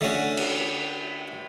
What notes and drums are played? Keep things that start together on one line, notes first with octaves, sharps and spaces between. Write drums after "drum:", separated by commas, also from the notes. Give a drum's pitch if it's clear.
D3 A3 C#4 F#4
drum: cymbal